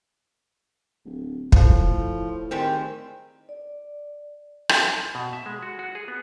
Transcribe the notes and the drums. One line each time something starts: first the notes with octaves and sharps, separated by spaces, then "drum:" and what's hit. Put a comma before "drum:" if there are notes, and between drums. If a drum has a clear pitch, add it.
D1
A2 F3, drum: kick
A2
D#3 G3 G#3 C4
D5
drum: rim click
B2
E5
G#3
F#4
F#4
G#4
B3